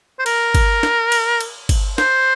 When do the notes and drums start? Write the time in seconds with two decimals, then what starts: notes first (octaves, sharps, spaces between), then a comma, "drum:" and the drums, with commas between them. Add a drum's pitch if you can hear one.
0.19 C5
0.26 A#4, drum: cymbal
0.55 drum: kick G1, cymbal
0.83 drum: snare
1.12 drum: cymbal
1.41 drum: cymbal
1.69 drum: kick G1, cymbal
1.98 C5, drum: snare